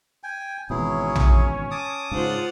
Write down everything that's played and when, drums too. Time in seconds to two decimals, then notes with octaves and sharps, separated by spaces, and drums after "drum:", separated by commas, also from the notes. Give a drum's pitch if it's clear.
0.23 G5 G#5
0.70 G#1 B2 E3 F#3 C#4 E4 G#4
1.16 drum: tom A#1
1.71 A5 D6 D#6
2.11 G#2 C#3 F4 C5 F#5